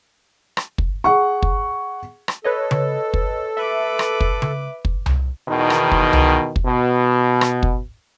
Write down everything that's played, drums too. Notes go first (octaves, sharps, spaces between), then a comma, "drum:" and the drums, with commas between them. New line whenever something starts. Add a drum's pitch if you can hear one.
drum: rim click
drum: kick
G#4 F#5 C#6
drum: kick
drum: rim click
A4 B4 C#5 D#5
drum: tom C#3
drum: kick
B4 E5 D6
drum: rim click
drum: kick
drum: tom C#3
drum: kick
drum: tom C2
E2 B2 D#3
drum: rim click
drum: kick
drum: tom C2
drum: kick
B2
drum: rim click
drum: kick